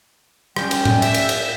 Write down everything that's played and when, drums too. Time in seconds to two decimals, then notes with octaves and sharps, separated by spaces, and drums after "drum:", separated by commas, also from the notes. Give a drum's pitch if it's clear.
0.56 G3 C#4 G5, drum: rim click
0.71 drum: cymbal
0.85 drum: tom A2
1.02 E5, drum: cymbal
1.14 drum: cymbal
1.29 drum: cymbal